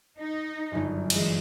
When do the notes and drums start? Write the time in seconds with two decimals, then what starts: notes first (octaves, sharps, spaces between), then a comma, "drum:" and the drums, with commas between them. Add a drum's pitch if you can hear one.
0.18 D#4
0.71 G1 F#2
1.10 E3 G#3, drum: cymbal